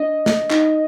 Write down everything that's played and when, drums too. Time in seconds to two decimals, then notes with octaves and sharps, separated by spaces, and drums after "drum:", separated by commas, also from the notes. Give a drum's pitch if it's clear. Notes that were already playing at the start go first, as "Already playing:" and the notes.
Already playing: D4 D#5
0.26 drum: snare
0.51 D#4, drum: clap